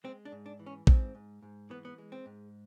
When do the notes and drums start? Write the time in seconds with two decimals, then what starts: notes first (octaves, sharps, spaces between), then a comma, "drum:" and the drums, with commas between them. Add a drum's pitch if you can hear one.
0.04 G#3 C4
0.25 D4
0.32 G#2
0.46 D4
0.59 E3
0.66 C#4
0.87 G#2 C4, drum: kick A#1
1.15 G#2
1.42 G#2
1.70 E3 B3
1.85 B3
1.98 G#3
2.12 C4
2.26 G#2